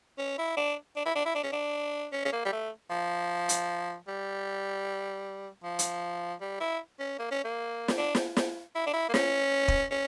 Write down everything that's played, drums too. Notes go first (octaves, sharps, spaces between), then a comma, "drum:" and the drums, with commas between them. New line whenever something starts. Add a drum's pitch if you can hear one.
C#4
E4
D4
D4
E4
D4
E4
D4
C#4
D4
C#4
C#4
A#3
G3
A3
F3
drum: hi-hat
G3
F3
drum: hi-hat
G3
E4
C#4
A#3
C#4
A#3
drum: snare
D4
drum: snare
drum: snare
E4
D4
E4
A#3
C#4, drum: snare
drum: kick
C#4